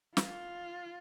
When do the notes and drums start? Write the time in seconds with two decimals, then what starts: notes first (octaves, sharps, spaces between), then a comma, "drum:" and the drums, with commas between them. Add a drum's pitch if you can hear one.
0.17 F4, drum: snare